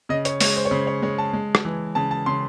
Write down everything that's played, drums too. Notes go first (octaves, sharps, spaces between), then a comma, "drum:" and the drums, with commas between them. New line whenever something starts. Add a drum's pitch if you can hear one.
C#3 D#5
C#5, drum: hi-hat
G#3 C#5, drum: open hi-hat
C5
C#5
C#3 C5
C#5
G#3 C#5
A5
G#3
drum: rim click
E3
C#3 A5
A5
C#3 C6